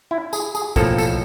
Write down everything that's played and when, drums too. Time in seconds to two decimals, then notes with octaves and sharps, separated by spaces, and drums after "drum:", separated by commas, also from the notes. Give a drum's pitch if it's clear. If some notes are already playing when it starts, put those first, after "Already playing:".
0.11 E4
0.33 G#4, drum: tambourine
0.55 G#4, drum: tambourine
0.76 B1 A2 F3 A#3 A4, drum: kick, tambourine
0.98 A4, drum: tambourine